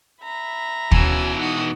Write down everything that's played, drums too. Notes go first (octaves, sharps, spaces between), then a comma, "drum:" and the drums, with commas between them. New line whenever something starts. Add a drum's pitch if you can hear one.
E5 A#5 B5
B2 E3 C#4 F#4 G#5 E6, drum: kick
D#4 F#4 D#6